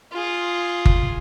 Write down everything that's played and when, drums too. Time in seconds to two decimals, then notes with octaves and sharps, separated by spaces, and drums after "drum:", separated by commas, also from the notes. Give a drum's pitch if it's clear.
0.13 F4 G#4
0.85 drum: kick G1